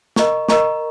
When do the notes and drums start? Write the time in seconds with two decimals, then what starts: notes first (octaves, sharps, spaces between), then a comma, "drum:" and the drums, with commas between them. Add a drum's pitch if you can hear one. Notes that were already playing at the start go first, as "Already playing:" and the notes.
0.16 A#4 D#5 A#5 C#6, drum: snare
0.48 A#4 D#5 A#5 C#6, drum: snare